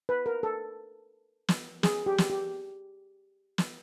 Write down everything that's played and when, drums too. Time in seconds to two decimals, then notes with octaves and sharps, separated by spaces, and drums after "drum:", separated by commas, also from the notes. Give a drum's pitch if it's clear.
0.09 B4
0.26 A#4
0.43 A4
1.48 drum: snare
1.83 G#4, drum: snare
2.06 G4
2.18 drum: snare
2.30 G4
3.58 drum: snare